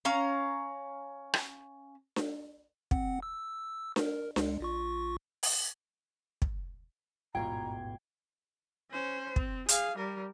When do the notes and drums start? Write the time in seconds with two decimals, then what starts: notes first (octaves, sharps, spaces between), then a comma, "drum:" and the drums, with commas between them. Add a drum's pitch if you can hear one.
0.05 C#4 F5 A#5
1.34 drum: rim click
2.16 drum: snare D4
2.91 C4 F#5, drum: kick
3.22 E6
3.96 A#4, drum: snare D4
4.36 C#2 G#3, drum: snare D4
4.60 A#1 F4 C#6
5.43 drum: open hi-hat
6.42 drum: kick
7.35 A1 E2 G#2 B2 F4 G5 A#5 G#6
8.90 C#4 C5
9.36 C4, drum: kick
9.69 G#4 F5, drum: hi-hat
9.97 G3 A#4